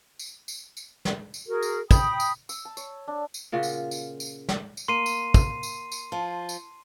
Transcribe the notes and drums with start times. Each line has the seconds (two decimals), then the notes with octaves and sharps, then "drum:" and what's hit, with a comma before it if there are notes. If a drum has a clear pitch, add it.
0.19 drum: tambourine
0.48 drum: tambourine
0.77 drum: tambourine
1.05 drum: snare
1.34 drum: tambourine
1.47 F#4 G#4 A#4
1.62 drum: tambourine
1.91 G5 B5 D#6, drum: kick, tambourine
2.20 drum: tambourine
2.49 E6, drum: tambourine
2.65 A5
2.77 C#5, drum: tambourine
3.08 D4
3.34 drum: tambourine
3.52 A#2 C#3 F4 F#4
3.63 drum: tambourine
3.91 drum: tambourine
4.20 drum: tambourine
4.49 drum: snare
4.77 drum: tambourine
4.88 A#3 C6 C7 D#7
5.06 drum: tambourine
5.34 drum: kick, tambourine
5.63 drum: tambourine
5.92 drum: tambourine
6.12 F3
6.49 drum: tambourine